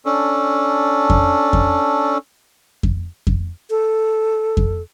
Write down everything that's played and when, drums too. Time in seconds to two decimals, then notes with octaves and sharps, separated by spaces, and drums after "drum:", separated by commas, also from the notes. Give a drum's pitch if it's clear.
0.05 C#4 D4 A4
1.10 drum: kick F2
1.53 drum: kick F2
2.83 drum: kick F2
3.27 drum: kick F2
3.70 A4
4.57 drum: kick F2